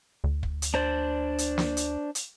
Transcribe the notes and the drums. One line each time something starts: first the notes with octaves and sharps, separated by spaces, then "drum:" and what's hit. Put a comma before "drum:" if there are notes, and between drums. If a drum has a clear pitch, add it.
D2
drum: kick
drum: hi-hat
D4 C5 D5
drum: hi-hat
drum: snare
drum: hi-hat
drum: hi-hat